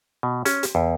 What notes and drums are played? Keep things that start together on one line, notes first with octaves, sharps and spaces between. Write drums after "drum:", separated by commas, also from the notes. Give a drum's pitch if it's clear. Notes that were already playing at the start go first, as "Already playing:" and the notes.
B2
C#4, drum: hi-hat
drum: hi-hat
E2